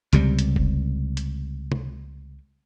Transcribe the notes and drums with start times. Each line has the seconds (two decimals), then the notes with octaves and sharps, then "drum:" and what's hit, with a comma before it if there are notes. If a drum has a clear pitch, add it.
0.13 C#2 C3 G3, drum: hi-hat
0.39 drum: hi-hat
0.56 drum: kick F1
1.17 drum: hi-hat
1.72 drum: tom C3